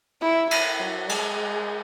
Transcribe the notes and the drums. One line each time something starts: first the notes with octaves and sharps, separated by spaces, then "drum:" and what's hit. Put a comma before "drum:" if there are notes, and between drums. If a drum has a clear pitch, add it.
E4
E4, drum: cymbal
F#3
G#3, drum: cymbal